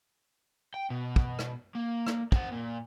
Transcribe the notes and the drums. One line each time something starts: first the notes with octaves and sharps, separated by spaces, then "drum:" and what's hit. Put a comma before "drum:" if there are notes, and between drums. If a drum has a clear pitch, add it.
G5
B2
drum: kick
drum: rim click
A#3
drum: rim click
C4 F#5, drum: kick
A#2